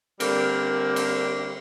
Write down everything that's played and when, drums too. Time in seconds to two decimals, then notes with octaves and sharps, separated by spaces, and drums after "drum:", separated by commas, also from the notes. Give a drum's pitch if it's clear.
0.20 D3 G3 A#3 C4 A#4, drum: cymbal
0.96 drum: cymbal